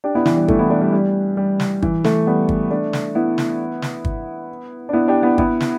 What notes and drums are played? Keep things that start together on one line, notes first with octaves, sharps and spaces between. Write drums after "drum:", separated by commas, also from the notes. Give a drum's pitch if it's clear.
D4 G4
B3 E4
E3, drum: snare
G3
E3 A3, drum: kick
B3 E4
A3 D4
G3
G3
G3
drum: snare
E3, drum: kick
E3 A3, drum: snare
G3 B3
drum: kick
A3 D4
drum: snare
B3 E4
drum: snare
drum: snare
drum: kick
D4
B3 E4
D4 G4
B3 E4
B3 E4, drum: kick
drum: snare